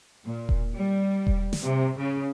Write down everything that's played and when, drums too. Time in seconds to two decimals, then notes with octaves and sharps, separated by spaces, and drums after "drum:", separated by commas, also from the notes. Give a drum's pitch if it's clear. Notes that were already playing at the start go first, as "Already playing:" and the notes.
0.25 A#2
0.49 drum: kick E1
0.75 G3
1.27 drum: kick E1
1.53 drum: snare
1.64 C3
1.98 C#3